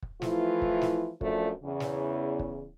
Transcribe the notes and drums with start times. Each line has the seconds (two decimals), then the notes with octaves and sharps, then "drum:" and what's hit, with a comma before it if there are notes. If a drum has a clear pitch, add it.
0.03 drum: kick
0.22 E3 F3 A3 E4 F4, drum: snare
0.62 drum: kick
0.81 drum: snare
1.21 F#2 F3 A3 D4, drum: kick
1.64 E2 C#3
1.80 drum: snare
2.39 drum: kick